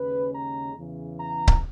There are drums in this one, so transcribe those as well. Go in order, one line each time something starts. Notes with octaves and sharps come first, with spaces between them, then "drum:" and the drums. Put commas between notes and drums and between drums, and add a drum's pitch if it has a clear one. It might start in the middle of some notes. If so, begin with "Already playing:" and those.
Already playing: D#2 C#3 G#3 C#4 B4
A#5
E2 C#3 E3
A#5
drum: kick C#1